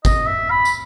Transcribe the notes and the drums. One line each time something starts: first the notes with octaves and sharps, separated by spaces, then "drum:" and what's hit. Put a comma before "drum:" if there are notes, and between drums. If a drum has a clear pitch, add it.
D#5, drum: kick, tambourine
E5
B5
drum: tambourine